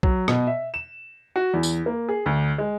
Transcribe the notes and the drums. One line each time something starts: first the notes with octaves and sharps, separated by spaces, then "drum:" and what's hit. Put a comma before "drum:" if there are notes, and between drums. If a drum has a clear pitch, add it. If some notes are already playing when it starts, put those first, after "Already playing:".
F#3, drum: kick
B2, drum: rim click
E5
E7
F#4
E2
drum: tambourine
A#3
G#4
D2
G#3